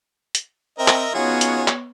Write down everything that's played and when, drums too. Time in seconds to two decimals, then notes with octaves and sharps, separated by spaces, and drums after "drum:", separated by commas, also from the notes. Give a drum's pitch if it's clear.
0.35 drum: hi-hat
0.79 C4 A#4 D#5 E5
0.88 drum: clap
1.15 B3 C#4 D#4 F4 F#4 G#4 C#5
1.41 drum: hi-hat
1.68 drum: clap